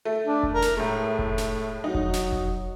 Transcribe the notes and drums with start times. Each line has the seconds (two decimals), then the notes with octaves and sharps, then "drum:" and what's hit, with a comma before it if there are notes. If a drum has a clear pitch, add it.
0.05 A3
0.26 D4
0.43 drum: kick F1
0.53 A#4
0.62 drum: snare
0.77 A2 G#3 A3
1.19 drum: kick F1
1.38 drum: snare
1.84 F#3 D#4
1.95 drum: kick F1
2.13 drum: snare
2.32 drum: kick F1